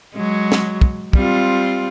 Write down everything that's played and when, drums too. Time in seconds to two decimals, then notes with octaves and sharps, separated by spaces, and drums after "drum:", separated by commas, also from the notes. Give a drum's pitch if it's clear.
0.15 F#3 G#3
0.52 drum: snare
0.81 drum: kick
1.13 G3 C4 F4, drum: kick